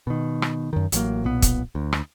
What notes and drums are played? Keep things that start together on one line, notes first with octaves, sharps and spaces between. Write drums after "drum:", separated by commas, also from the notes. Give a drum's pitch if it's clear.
B2 D#3
drum: rim click
F#2 D#3
A1 F#3 A#3, drum: hi-hat
B1 A#2 B3
drum: kick, hi-hat
D2
drum: rim click